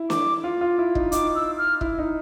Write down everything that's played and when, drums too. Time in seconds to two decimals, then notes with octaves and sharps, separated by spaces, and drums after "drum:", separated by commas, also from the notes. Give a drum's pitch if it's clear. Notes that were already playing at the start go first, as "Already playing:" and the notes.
Already playing: E4
0.10 D6, drum: snare
0.44 F4
0.61 F4
0.78 E4
0.95 D#4, drum: kick
1.12 D#4 D6, drum: hi-hat
1.35 E6
1.58 F6
1.81 E4, drum: kick
1.99 D#4